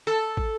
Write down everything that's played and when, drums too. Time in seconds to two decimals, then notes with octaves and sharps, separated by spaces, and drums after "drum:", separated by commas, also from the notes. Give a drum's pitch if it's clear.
0.07 A4
0.37 drum: kick